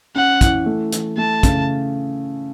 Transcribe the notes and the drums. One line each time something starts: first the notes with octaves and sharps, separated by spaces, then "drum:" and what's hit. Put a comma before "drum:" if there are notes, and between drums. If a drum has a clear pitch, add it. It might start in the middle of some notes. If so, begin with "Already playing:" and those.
C#4 F#5
E3, drum: kick, hi-hat
A3
E3, drum: hi-hat
A3 A5
C#3, drum: kick, hi-hat